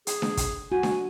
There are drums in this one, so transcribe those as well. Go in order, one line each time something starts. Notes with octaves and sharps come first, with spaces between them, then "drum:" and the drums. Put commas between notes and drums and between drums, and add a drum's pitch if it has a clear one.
G#4, drum: hi-hat
drum: snare D4
drum: kick, hi-hat
F#4 G#5
drum: snare D4